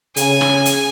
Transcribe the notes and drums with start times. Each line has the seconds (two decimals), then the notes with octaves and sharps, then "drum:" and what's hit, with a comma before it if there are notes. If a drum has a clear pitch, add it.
0.16 C#3 G#5, drum: hi-hat
0.41 drum: rim click
0.65 drum: hi-hat